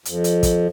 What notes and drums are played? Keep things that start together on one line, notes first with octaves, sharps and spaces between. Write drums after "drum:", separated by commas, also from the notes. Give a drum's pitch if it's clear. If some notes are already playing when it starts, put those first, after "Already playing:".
F2, drum: hi-hat
drum: hi-hat
drum: kick, hi-hat